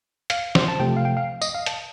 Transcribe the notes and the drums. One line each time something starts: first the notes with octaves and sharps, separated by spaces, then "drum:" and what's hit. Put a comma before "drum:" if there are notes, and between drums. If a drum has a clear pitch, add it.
F5, drum: hi-hat
C5, drum: snare
A5
C3 F3 A3 G5
F5
G5
F5
D#5, drum: tambourine
F5
A5, drum: hi-hat